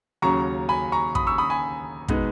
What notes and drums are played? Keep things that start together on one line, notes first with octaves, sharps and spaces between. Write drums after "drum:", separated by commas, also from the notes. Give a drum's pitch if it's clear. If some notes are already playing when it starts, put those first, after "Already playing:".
D#2 C#3 F#3 C#4 A#5 C#6
G#5 B5
A#5 C#6
B5 D#6, drum: kick
C#6 E6
B5 D#6
G#5 B5
B2 G#3 B3 D#4, drum: kick